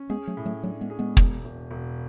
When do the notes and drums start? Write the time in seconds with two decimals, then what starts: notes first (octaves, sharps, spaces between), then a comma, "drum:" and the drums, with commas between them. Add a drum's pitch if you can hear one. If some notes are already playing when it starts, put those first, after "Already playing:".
Already playing: C#4
0.10 G#3 B3 G#4
0.27 F#3 A3
0.37 A2
0.45 F#3 A3
0.63 F#3 A3 D4
0.81 G#3 B3
0.90 G#4
0.99 G#3 B3
1.17 E1, drum: kick
1.45 E1
1.71 E1